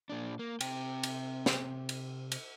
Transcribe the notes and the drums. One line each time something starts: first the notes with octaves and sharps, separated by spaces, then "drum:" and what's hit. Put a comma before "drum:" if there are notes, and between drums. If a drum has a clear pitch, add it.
A#2 D4
A#3
C3 G5, drum: cymbal
drum: cymbal
drum: snare
drum: cymbal
drum: cymbal